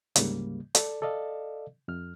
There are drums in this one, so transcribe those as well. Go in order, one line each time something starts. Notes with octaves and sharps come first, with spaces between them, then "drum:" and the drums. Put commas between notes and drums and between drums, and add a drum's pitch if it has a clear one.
D2 G#2 C#3 G3 A#3, drum: hi-hat
A4 D5, drum: hi-hat
A4 D5 D#5 F5
F2 F6